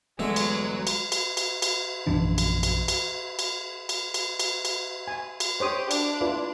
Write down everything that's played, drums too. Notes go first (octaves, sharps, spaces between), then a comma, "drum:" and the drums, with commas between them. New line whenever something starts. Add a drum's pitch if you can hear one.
G1 E2 F#3 G#3 A3 B3 A4 E5
drum: cymbal
drum: cymbal
drum: cymbal
drum: cymbal
drum: cymbal
A#1 F#2 E3 D4
drum: cymbal
drum: cymbal
drum: cymbal
drum: cymbal
drum: cymbal
drum: cymbal
drum: cymbal
drum: cymbal
G#5
drum: cymbal
G4 C5 C#5 D#6
D4, drum: cymbal
E4 F4 B4